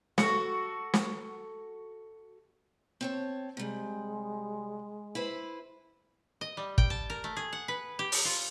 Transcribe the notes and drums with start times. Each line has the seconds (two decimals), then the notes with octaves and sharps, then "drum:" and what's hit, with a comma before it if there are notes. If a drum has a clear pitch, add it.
0.18 F#4 A4, drum: snare
0.94 drum: snare
3.01 C4 C#5 A5
3.57 C3 G3 G#3
5.15 E4 B4 C5
6.41 D#5
6.57 G3
6.78 G5, drum: kick
6.90 A5
7.10 A#4
7.24 A3
7.37 G#4
7.53 F#5
7.68 B4
7.99 G4
8.12 drum: open hi-hat
8.25 F4